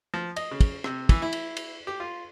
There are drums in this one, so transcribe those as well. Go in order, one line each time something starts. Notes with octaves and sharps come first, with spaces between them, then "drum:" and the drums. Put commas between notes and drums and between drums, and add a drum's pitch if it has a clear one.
F3
D#5, drum: cymbal
C#3
drum: kick, cymbal
C3, drum: rim click
E3, drum: kick, cymbal
E4
drum: cymbal
drum: cymbal
G4
F4